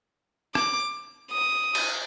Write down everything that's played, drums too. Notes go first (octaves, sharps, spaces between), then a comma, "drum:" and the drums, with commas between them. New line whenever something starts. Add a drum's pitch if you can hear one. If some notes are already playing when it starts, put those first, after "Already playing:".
D6, drum: rim click
D#6
drum: cymbal